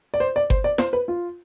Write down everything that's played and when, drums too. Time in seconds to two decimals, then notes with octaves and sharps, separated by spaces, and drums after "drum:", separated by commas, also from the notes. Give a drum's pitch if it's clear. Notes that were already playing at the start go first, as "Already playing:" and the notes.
0.14 D5
0.20 C5
0.36 D5
0.50 C5, drum: kick G1
0.64 D5
0.78 C5, drum: snare
0.93 B4
1.08 F4